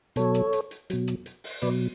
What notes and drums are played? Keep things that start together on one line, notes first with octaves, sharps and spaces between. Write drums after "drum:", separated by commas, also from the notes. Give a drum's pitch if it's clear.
B2 F#3 A4 C#5, drum: hi-hat
drum: rim click
drum: hi-hat
drum: hi-hat
B2 F#3, drum: hi-hat
drum: rim click
drum: hi-hat
drum: open hi-hat
B2 F#3 B4 D5, drum: hi-hat